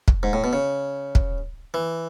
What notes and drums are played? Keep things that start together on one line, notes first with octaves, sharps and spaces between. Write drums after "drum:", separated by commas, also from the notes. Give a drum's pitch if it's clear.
drum: kick
G#2
A2
B2
C#3
drum: kick
E3